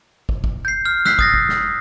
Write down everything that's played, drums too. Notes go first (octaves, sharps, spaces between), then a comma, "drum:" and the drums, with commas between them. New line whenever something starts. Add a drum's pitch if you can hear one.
drum: kick
drum: kick
G6 C7
F6
E6 F#6 B6 C7, drum: snare
D#6 A6 A#6, drum: kick
drum: kick
drum: snare